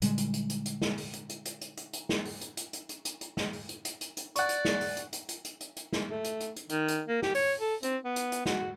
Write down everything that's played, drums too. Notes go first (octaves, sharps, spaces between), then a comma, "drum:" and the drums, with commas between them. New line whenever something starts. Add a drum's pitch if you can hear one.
A#2 D3 G3 G#3, drum: hi-hat
drum: hi-hat
drum: hi-hat
drum: hi-hat
drum: hi-hat
drum: snare
drum: open hi-hat
drum: hi-hat
drum: hi-hat
drum: hi-hat
drum: hi-hat
drum: hi-hat
drum: hi-hat
drum: snare
drum: open hi-hat
drum: hi-hat
drum: hi-hat
drum: hi-hat
drum: hi-hat
drum: hi-hat
drum: hi-hat
drum: snare
drum: open hi-hat
drum: hi-hat
drum: hi-hat
drum: hi-hat
drum: hi-hat
D5 F#5 C#6, drum: hi-hat
drum: hi-hat
drum: snare
drum: open hi-hat
drum: hi-hat
drum: hi-hat
drum: hi-hat
drum: hi-hat
drum: hi-hat
drum: hi-hat
drum: snare
A3
drum: hi-hat
drum: hi-hat
drum: hi-hat
D#3, drum: hi-hat
drum: hi-hat
A#3
G4, drum: snare
C#5, drum: open hi-hat
A4
C4, drum: hi-hat
B3
drum: hi-hat
drum: hi-hat
F#4, drum: snare